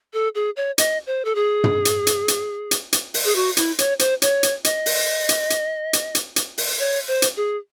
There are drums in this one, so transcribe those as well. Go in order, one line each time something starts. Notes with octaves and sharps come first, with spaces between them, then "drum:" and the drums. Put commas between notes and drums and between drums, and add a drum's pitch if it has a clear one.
A4
G#4
C#5
D#5, drum: hi-hat
C5
A4
G#4
drum: tom
drum: hi-hat
drum: hi-hat
drum: hi-hat
drum: hi-hat
drum: hi-hat
drum: open hi-hat
G#4
F#4
E4, drum: hi-hat
C#5, drum: hi-hat
C5, drum: hi-hat
C#5, drum: hi-hat
drum: hi-hat
D#5, drum: hi-hat
drum: open hi-hat
drum: hi-hat
drum: hi-hat
drum: hi-hat
drum: hi-hat
drum: hi-hat
drum: open hi-hat
C#5
C5
drum: hi-hat
G#4